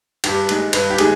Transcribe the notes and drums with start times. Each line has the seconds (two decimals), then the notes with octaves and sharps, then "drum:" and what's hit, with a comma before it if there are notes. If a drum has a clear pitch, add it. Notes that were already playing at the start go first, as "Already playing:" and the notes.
0.24 G2 G4, drum: cymbal
0.49 D#3 G#3, drum: cymbal
0.73 G2 B4, drum: cymbal
0.90 G4
0.98 D#3 G#3 G#4, drum: cymbal